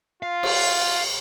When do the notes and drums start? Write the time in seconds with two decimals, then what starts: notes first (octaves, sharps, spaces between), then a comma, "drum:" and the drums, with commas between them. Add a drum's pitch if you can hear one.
0.23 F4 F5
0.43 drum: cymbal